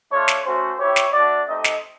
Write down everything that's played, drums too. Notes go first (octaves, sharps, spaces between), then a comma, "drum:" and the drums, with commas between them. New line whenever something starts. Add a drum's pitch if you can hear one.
A3 D4 F4 C#5
drum: snare
A3 C#4 F#4 C5
C4 E4 G4 C#5
drum: snare
A3 D4 F#4 D5
A3 C4 D#4 G4 D#5
drum: snare